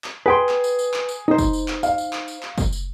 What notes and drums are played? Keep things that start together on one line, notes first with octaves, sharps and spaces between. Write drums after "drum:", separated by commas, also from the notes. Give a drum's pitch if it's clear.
drum: clap
G#4 B4 G5 C6
drum: clap
drum: tambourine
drum: tambourine
drum: clap
drum: tambourine
D#4 C5
drum: kick, tambourine
drum: tambourine
drum: clap
F5, drum: tambourine
drum: tambourine
drum: clap
drum: tambourine
drum: clap
drum: kick, tambourine
drum: tambourine